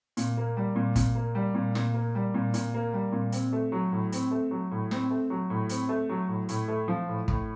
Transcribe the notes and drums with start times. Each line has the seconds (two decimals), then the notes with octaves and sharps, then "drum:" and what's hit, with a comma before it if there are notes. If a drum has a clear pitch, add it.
0.17 A#2, drum: hi-hat
0.37 A#3
0.57 G3
0.76 A#2
0.96 A#2, drum: kick, hi-hat
1.15 A#3
1.35 G3
1.55 A#2
1.75 A#2, drum: snare
1.94 A#3
2.15 G3
2.34 A#2
2.54 A#2, drum: hi-hat
2.74 A#3
2.93 G3
3.12 A#2
3.32 C4, drum: hi-hat
3.53 A3
3.72 F#3
3.92 A2
4.12 C4, drum: hi-hat
4.31 A3
4.51 F#3
4.71 A2
4.91 C4, drum: snare
5.11 A3
5.30 F#3
5.50 A2
5.69 C4, drum: hi-hat
5.89 A3
6.09 F#3
6.28 A2
6.49 A2, drum: hi-hat
6.68 A3
6.88 F3
7.08 A2
7.28 A2, drum: kick